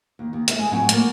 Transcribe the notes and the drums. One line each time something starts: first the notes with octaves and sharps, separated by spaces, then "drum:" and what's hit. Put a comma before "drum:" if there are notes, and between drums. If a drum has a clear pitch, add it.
D#2
D#2
A3 A4 E5, drum: hi-hat
G#3 G#5
F2 A2 F#3 C4 F#5 G#5
A3 A#3, drum: hi-hat